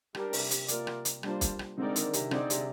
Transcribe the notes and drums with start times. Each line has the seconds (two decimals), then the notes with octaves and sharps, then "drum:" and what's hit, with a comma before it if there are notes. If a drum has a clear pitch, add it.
0.15 G3 D4 G4 A#4, drum: rim click
0.33 C3, drum: open hi-hat
0.51 C3, drum: hi-hat
0.68 A#3 F4 A#4 D5, drum: hi-hat
0.87 drum: rim click
1.05 drum: hi-hat
1.23 G3 A#3 D4 F4 C5, drum: rim click
1.41 drum: kick, hi-hat
1.59 drum: rim click
1.78 D3 G#3 C4 D#4 A#4 D5
1.96 D#3, drum: hi-hat
2.13 C3, drum: hi-hat
2.31 D3 C4 D#4 G#4 D5, drum: rim click
2.50 C3, drum: hi-hat